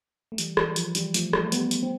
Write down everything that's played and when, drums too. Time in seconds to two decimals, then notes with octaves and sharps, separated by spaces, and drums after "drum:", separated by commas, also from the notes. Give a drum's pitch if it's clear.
0.32 A3
0.38 E3 G3, drum: hi-hat
0.57 E3 G3, drum: rim click
0.76 F3, drum: hi-hat
0.95 E3 G3, drum: hi-hat
1.14 F3 A3, drum: hi-hat
1.33 drum: rim click
1.45 A3
1.52 G3 B3, drum: hi-hat
1.71 drum: hi-hat
1.83 C4